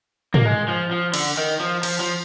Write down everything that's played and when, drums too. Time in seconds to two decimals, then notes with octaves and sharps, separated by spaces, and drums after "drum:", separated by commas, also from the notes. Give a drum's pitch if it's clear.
0.34 A#3, drum: tom
0.45 G#3
0.68 F3
0.91 F3
1.14 D3, drum: cymbal
1.37 D#3
1.60 F3
1.83 F3, drum: cymbal
2.00 F3